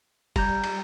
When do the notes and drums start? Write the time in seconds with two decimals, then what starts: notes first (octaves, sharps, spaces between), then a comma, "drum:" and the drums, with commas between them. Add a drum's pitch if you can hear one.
0.36 G3 A#5 G6 G#6, drum: kick, cymbal
0.64 drum: cymbal